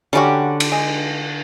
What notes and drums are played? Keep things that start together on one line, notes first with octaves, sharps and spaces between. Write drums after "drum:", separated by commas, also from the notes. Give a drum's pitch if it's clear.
D3 G3 C#4 F#4 G4
drum: cymbal
G#3